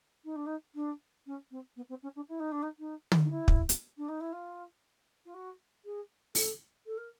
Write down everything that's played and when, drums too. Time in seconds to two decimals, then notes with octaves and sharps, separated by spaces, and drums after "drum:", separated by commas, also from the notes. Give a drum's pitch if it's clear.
0.24 D#4
0.35 D4
0.46 D#4
0.74 D4
1.26 C#4
1.51 C4
1.76 B3
1.89 C4
2.03 C#4
2.15 D4
2.28 E4
2.39 D#4
2.51 D4
2.62 D#4
2.78 D#4
3.12 drum: tom
3.24 D#4
3.30 E4
3.48 drum: kick
3.69 drum: hi-hat
3.97 D4
4.08 D#4
4.20 E4
4.32 F4
5.25 F4
5.34 F#4
5.85 G#4
6.35 A4, drum: open hi-hat
6.86 A4
6.97 A#4